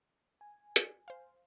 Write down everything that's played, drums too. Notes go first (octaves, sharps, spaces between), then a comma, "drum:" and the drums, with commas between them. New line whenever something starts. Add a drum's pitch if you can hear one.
G#5
drum: hi-hat
C5 F5